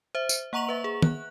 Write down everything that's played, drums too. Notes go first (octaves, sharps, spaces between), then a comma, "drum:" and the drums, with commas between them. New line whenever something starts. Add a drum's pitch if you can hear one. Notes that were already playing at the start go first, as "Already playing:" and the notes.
C5 E5
drum: tambourine
A#3 F#5 A#5 C#6 F7 F#7
B4 E5
G#4
F#6, drum: tom D#3